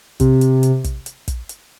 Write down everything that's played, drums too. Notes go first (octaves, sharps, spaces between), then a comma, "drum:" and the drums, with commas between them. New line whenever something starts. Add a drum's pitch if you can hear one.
C3, drum: kick, hi-hat
drum: hi-hat
drum: hi-hat
drum: kick, hi-hat
drum: hi-hat
drum: kick, hi-hat
drum: hi-hat